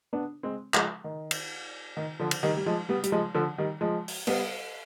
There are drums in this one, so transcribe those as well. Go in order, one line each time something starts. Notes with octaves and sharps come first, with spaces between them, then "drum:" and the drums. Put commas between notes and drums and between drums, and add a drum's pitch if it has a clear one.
B3 D4
G#3 C4
F3 G#3, drum: clap
D#3
drum: cymbal
D#3
D3 F3
drum: cymbal
D#3 G3
G3
F3 G#3
G3 B3
G3, drum: hi-hat
F3 G#3
D3 F3
D#3 G3
F3 G#3
drum: open hi-hat
G3 B3, drum: cymbal